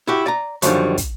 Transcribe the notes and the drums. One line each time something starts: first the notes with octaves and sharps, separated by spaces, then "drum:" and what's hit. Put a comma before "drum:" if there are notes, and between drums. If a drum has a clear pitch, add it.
E4 F#4 G4
D5 A#5
F#2 D3 D#3 F3 G3, drum: hi-hat
drum: kick, hi-hat